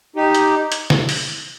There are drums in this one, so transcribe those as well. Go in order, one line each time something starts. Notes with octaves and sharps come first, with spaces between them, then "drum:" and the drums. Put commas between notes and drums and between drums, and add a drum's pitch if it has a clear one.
D#4 G4
drum: hi-hat
drum: hi-hat
drum: snare
drum: open hi-hat